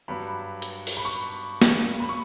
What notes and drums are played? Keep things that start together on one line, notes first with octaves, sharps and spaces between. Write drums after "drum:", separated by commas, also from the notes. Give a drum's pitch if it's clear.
G2 F#3 B5
drum: hi-hat
drum: open hi-hat
B5
C#6
drum: snare
F#3 B5
C#6